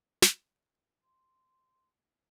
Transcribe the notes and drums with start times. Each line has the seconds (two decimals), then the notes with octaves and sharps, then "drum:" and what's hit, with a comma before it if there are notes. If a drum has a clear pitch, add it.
0.22 drum: snare
1.03 C6